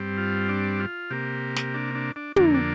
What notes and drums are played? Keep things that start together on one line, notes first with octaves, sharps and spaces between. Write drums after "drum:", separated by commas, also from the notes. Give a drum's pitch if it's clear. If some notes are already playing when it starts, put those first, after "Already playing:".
Already playing: G2 G3 C4
F4
D4
F4
C3 A#3 G4
drum: snare
D4
D4
D4
F2 D3 A#3 D4, drum: tom
D4